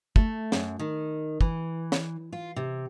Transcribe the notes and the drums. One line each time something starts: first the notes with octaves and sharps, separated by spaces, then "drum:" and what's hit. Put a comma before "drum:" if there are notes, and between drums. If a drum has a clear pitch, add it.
A3, drum: kick
F#2, drum: snare
D#3
E3, drum: kick
drum: snare
F4
C3